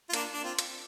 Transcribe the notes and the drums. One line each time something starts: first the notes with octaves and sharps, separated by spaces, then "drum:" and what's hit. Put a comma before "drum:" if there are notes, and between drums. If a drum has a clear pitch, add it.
F4
A#3 D4, drum: hi-hat
D4
C4 F4
drum: hi-hat